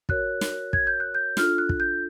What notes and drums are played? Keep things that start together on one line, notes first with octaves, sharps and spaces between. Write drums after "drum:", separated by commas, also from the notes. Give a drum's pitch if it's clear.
F#4 A#4 C#5 F#6, drum: kick
drum: snare
G#6, drum: kick
G6
F#6
G6
D4 F4 A4 F6, drum: snare
F#6
drum: kick
G6